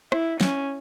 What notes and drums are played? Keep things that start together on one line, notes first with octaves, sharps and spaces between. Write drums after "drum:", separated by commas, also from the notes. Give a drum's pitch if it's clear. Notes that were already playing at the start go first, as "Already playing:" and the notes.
E4, drum: rim click
C#4, drum: snare